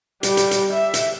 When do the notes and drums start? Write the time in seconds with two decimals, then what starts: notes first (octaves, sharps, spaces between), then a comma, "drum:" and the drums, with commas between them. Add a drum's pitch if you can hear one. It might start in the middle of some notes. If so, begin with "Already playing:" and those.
0.23 G3, drum: hi-hat
0.37 drum: hi-hat
0.51 drum: hi-hat
0.73 E5
0.94 drum: hi-hat